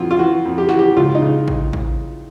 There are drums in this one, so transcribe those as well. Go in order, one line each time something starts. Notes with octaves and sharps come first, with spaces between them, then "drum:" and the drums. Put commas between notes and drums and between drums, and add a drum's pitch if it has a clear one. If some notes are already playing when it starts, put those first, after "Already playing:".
Already playing: F2 E3 F4 F#4
F4
E3 F#4
F2
G4
E3 F#4, drum: snare
G4
C#2 F4
D#4
C#3
drum: kick A1
drum: kick A1